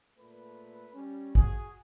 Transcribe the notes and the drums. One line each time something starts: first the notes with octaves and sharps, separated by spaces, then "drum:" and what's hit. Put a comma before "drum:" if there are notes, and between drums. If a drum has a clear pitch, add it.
A#2 A3 B4
G3 C#4
F#4 G#4, drum: kick